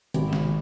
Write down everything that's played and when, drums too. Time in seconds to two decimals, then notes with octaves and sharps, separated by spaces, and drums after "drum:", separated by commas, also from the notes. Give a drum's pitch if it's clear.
0.14 G#1, drum: hi-hat
0.33 drum: snare